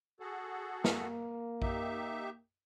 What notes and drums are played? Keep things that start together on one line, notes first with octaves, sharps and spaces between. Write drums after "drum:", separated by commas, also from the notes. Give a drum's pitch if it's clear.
F#4 G#4 A4
A#3, drum: snare
D#4 G4 E5, drum: kick A#1